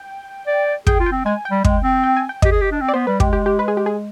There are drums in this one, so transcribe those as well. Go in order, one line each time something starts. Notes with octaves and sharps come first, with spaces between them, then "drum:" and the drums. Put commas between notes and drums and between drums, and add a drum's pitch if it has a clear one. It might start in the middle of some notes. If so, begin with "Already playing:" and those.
Already playing: G5
D5
G#4 G5, drum: kick
F4
G5
C4
G#3 G#5
G5
G3
G#3, drum: kick
C4
G5
G#5
G5
G4 D#5, drum: kick
G#4
G4
D4
C4
D5
B3 C5
G3 B4
G#3 G4, drum: kick
G4
G4
B4
G#4
G4
G#4